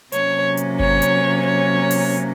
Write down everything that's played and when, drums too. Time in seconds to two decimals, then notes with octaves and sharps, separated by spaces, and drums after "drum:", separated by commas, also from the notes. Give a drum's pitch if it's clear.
0.12 C3 F#3 A#3 C#4 C#5, drum: hi-hat
0.57 drum: hi-hat
0.80 C#5, drum: kick G1
1.02 drum: hi-hat
1.46 C#5
1.91 drum: open hi-hat